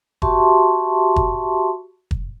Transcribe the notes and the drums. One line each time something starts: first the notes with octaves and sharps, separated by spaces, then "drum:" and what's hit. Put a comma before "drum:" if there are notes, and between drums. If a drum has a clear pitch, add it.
F#4 G4 E5 A5 C6 C#6, drum: kick
drum: kick
drum: kick